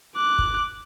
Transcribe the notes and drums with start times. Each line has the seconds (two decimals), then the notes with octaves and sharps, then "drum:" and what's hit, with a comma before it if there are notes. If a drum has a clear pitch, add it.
0.16 D6 F#6
0.39 drum: kick